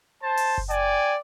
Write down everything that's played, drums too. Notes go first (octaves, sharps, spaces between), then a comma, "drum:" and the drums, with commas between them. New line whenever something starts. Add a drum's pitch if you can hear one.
C5 A5
drum: open hi-hat
drum: kick F#1
D5 G5 G#5, drum: hi-hat